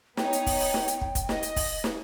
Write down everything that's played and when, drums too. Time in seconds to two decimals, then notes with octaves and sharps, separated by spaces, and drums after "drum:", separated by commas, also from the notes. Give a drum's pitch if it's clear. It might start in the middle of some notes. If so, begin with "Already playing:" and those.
0.17 B3 D#4 C#5 G5, drum: snare
0.33 drum: hi-hat
0.46 drum: kick, open hi-hat
0.60 drum: open hi-hat
0.74 drum: snare
0.88 drum: hi-hat
1.01 drum: kick
1.15 drum: kick, hi-hat
1.29 D#5, drum: snare
1.43 drum: hi-hat
1.56 drum: kick, open hi-hat
1.84 drum: snare